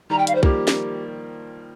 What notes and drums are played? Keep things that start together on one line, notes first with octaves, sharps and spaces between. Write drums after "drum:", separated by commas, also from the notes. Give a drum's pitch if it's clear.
D#3 G3 A#5
G5
F5, drum: hi-hat
C5
F3 A#3 G4, drum: kick C2
drum: snare